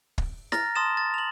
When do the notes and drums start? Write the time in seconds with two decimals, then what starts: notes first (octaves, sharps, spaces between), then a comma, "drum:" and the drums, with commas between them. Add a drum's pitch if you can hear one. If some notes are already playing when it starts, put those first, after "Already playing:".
0.18 drum: kick
0.52 A#5 F6 A6 A#6, drum: snare
0.75 A5 C6 D#6 A6 E7
0.97 A6
1.14 F7 F#7